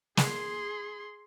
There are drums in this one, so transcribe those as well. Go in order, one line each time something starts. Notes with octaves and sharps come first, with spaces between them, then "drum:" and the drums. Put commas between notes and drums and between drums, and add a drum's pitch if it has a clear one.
G#4 C6, drum: snare